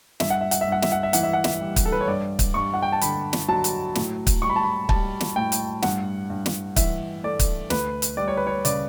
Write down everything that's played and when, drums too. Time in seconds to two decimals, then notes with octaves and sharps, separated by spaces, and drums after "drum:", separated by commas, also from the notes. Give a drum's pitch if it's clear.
0.20 G2 E5, drum: snare
0.30 F#5
0.41 E5
0.51 F#5, drum: hi-hat
0.61 E5
0.67 G2 F#5
0.82 E5, drum: snare
0.92 F#5
1.03 E5
1.13 E3 F#5, drum: hi-hat
1.23 E5
1.33 F#5
1.44 E5, drum: snare
1.61 G3
1.76 drum: kick, hi-hat
1.85 A4
1.92 B4
2.01 C#5
2.07 G2 D5
2.39 drum: kick, hi-hat
2.54 G2 C#6
2.74 F#5
2.82 G5
2.92 A5
3.01 D3 B5, drum: hi-hat
3.33 drum: snare
3.48 F#3 A5
3.64 drum: hi-hat
3.95 A2, drum: snare
4.27 drum: kick, hi-hat
4.42 G3 C#6
4.49 B5
4.56 A5
4.63 B5
4.89 G3 A5, drum: kick
5.21 drum: snare
5.36 A2 G5
5.52 drum: hi-hat
5.82 G2 F#5, drum: snare
6.30 G2
6.46 drum: snare
6.76 E3 E5, drum: kick, hi-hat
7.24 A3 D5
7.39 drum: kick, hi-hat
7.70 D2 B4, drum: snare
8.02 drum: hi-hat
8.17 G3 D5
8.28 C#5
8.37 B4
8.47 C#5
8.65 C#3 D5, drum: hi-hat